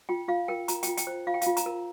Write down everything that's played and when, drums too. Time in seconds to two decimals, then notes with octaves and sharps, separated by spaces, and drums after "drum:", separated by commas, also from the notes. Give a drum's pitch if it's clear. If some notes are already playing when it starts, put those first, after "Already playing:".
0.09 F4 G5
0.28 F4 F5
0.48 A#4 G5
0.68 F4 A#5, drum: hi-hat
0.83 F4 G5, drum: hi-hat
0.97 G5, drum: hi-hat
1.07 C5
1.27 F4 F5
1.34 G5
1.41 F5, drum: hi-hat
1.47 F4
1.57 A#5, drum: hi-hat
1.66 A#4